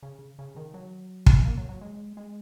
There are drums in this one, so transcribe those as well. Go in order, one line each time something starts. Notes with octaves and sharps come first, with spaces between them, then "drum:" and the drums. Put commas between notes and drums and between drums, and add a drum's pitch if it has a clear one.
C#3
C#3
D#3
F#3
drum: kick
A#3
F#3
F#3
G#3
G#3